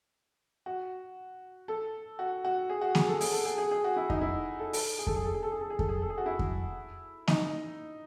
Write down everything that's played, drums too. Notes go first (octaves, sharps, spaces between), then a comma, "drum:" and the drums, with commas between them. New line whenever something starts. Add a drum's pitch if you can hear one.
F#4
A4
F#4
F#4
G#4
F#4
G#4, drum: snare A#3
A4
G#4, drum: open hi-hat
A4
G#4
G#4
G#4
F#4
E4
D#4, drum: kick F2
E4
A4
A4, drum: open hi-hat
G#4
A4, drum: kick F2
G#4
A4
G#4
A4
G#4
A4
G#4
A4, drum: kick F2
G#4
A4
G#4
F#4
E4
drum: kick F2
D#4, drum: snare A#3